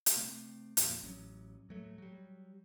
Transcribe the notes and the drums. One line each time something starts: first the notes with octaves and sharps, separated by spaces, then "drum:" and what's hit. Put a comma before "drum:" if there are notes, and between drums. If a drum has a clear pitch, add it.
drum: hi-hat
C3 A3 C4
G1 F2 A#2, drum: hi-hat
A1 F#3 C#4
A2 F#3 A3
F#3 G3